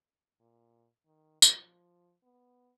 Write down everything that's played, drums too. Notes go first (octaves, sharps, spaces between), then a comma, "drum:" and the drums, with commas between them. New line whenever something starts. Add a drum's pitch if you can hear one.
A#2
D#3
F3, drum: tambourine
B3